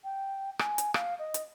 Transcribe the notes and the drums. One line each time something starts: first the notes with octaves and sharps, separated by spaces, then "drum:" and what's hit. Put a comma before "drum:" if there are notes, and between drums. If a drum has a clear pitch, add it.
G5
G#5, drum: rim click
drum: hi-hat
F5, drum: rim click
D#5
drum: hi-hat